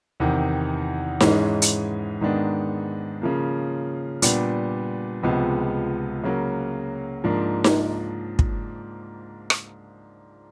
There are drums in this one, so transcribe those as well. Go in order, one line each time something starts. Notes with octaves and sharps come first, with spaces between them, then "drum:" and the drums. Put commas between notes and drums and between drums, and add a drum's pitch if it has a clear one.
E2 C3 D#3
G#2 E3 G#3 C#4, drum: snare D#4
drum: hi-hat
G#2 D#3 G#3 B3 D4
C#3 F3 A#3
A#2 G3 B3 D4, drum: hi-hat
C#2 C3 F3 G#3 B3
C#3 F#3 A#3
G#2 F3 A#3 D4
drum: snare D#4
drum: kick
drum: rim click